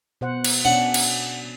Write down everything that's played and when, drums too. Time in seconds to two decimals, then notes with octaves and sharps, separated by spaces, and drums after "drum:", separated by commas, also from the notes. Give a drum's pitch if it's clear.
0.21 B2 C5 F#5
0.44 drum: cymbal
0.65 B2 C#4 D4 F#5
0.94 drum: cymbal